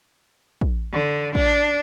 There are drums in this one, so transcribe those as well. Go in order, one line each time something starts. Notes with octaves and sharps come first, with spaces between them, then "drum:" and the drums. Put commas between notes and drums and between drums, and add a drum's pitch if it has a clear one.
drum: kick
D3
D4, drum: kick